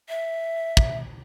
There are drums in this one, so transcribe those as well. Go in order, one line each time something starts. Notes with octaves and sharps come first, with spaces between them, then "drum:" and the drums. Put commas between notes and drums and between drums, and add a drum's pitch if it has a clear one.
E5
drum: kick